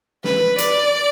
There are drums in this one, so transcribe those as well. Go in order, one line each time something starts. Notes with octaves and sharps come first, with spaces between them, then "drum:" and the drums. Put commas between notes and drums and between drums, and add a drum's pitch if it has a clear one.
B4, drum: snare
D5, drum: hi-hat